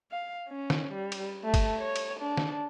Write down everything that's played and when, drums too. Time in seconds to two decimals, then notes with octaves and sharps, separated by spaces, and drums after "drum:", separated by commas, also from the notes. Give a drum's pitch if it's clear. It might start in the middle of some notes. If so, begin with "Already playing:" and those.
0.11 F5
0.49 C#4
0.70 drum: snare
0.93 G3
1.12 drum: cymbal
1.44 A3
1.54 drum: kick, cymbal
1.80 C#5
1.96 drum: cymbal
2.20 D4
2.37 drum: snare